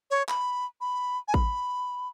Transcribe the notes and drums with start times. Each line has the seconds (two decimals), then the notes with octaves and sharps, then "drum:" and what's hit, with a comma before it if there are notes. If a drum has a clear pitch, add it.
0.11 C#5
0.29 B5, drum: clap
0.81 B5
1.28 G#5
1.34 B5, drum: kick